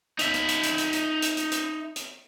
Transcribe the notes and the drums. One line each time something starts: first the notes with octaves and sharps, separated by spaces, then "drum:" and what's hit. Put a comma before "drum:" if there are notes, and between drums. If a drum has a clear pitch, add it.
D#4 E5, drum: hi-hat
drum: hi-hat
drum: hi-hat
drum: hi-hat
drum: hi-hat
drum: hi-hat
drum: hi-hat
drum: hi-hat
drum: hi-hat
drum: hi-hat